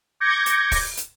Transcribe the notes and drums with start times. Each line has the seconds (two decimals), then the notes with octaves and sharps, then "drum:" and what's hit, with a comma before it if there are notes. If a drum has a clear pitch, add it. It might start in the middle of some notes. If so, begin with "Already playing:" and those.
0.20 D6 G6 G#6 A#6 C#7
0.46 drum: hi-hat
0.72 drum: kick, open hi-hat
0.97 drum: hi-hat